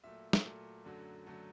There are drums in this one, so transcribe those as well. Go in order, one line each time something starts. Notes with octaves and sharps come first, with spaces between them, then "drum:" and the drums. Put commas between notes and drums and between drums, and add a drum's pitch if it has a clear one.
A#2 F#3 A3 E5
drum: snare
A#2 F#3 A3
F#2 D3 F#3 A3
D3 F#3 A3